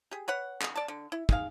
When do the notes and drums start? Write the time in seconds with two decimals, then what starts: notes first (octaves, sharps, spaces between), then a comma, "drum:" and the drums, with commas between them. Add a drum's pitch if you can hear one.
0.11 G4 G#4
0.28 B4 C#5 F#5
0.62 drum: clap
0.76 D5 A5
0.88 D3
1.12 E4
1.29 D#4 G#4 F5, drum: kick